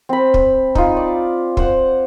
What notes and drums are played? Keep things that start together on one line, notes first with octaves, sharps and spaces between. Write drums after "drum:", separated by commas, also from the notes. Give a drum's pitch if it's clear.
C4 B5
drum: kick
D#4 F4, drum: kick
D5
C5 F#5, drum: kick